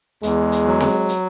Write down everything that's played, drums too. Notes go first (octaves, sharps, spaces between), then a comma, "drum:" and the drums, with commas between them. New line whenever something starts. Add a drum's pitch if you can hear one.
E2 G#3, drum: hi-hat
drum: hi-hat
F#3
drum: snare C4
drum: hi-hat